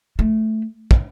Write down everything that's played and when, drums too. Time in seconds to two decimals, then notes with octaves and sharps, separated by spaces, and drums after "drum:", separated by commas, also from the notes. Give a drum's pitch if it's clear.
0.19 A3
0.91 drum: kick